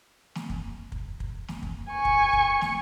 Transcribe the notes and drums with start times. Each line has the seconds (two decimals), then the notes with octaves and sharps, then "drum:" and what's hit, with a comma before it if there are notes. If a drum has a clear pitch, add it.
0.35 drum: snare
0.50 drum: kick
0.92 drum: kick
1.20 drum: kick
1.48 drum: snare
1.63 drum: kick
1.91 G#5 C#6
2.05 drum: kick
2.33 drum: kick
2.61 drum: snare